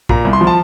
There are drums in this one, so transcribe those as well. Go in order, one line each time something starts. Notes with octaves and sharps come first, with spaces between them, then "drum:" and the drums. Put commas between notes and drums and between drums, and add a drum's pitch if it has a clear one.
A#2 A#5, drum: kick
C2
C6
F3
A5